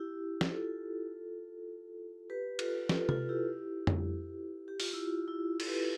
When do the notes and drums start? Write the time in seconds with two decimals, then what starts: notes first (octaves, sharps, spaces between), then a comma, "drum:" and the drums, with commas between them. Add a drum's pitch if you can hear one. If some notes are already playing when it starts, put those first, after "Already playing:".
Already playing: E4 G4
0.41 drum: snare
0.52 F4 A4
2.30 G4 B4
2.59 F4 A4, drum: cymbal
2.89 F4 A4, drum: snare
3.09 F4 A4, drum: tom C3
3.29 E4 G4
3.87 drum: tom F2
4.68 G4
4.80 F4, drum: open hi-hat
4.93 E4
5.06 F4
5.28 E4
5.60 A4, drum: cymbal
5.67 G4 B4